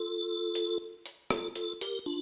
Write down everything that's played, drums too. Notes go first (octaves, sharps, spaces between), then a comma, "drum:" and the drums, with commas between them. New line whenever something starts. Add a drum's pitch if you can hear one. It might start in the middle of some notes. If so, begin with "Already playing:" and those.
Already playing: F4 A4
drum: hi-hat
drum: hi-hat
F4 A4, drum: rim click
F4 A4, drum: hi-hat
G4 A#4, drum: hi-hat
D4 F4